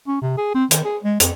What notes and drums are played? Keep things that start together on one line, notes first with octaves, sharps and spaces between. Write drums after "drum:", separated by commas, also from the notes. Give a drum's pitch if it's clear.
C#4
C3
G#4
C4
D#3, drum: hi-hat
G#4
G#3
F2, drum: hi-hat